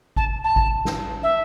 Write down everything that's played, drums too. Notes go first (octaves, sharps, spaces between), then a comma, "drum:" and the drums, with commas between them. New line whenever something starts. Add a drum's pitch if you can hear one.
A5, drum: kick G#1
A5
drum: kick G#1
drum: snare
E5